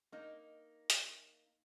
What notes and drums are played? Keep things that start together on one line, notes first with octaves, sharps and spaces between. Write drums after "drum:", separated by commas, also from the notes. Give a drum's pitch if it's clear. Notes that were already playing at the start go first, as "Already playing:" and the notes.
A#3 D#4
drum: hi-hat